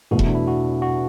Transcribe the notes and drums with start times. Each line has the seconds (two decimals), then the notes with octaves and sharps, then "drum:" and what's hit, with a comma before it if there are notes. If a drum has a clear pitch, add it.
0.11 E2 B2 A3 F#4
0.19 E4, drum: kick E1
0.27 D4
0.35 E4
0.47 F#4
0.82 F#4